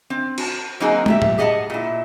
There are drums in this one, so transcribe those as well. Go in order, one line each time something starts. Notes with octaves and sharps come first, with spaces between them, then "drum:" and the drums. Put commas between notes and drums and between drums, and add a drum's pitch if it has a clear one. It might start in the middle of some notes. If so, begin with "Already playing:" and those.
C4
F#4 A5, drum: cymbal
F#3 A#3 C4 D#4 F#4 G#4
A#2 G4 E5, drum: tom
drum: tom A2
G4 G#4 D#5 F5 F#5 A5
A#2 E4